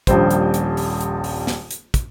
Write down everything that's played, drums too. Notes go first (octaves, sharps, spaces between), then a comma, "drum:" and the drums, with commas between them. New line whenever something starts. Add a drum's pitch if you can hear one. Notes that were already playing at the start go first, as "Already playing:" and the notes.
D#1 A#1 G3 C5, drum: kick, hi-hat
drum: hi-hat
drum: hi-hat
drum: open hi-hat
drum: hi-hat
drum: open hi-hat
drum: snare
drum: hi-hat
drum: kick, hi-hat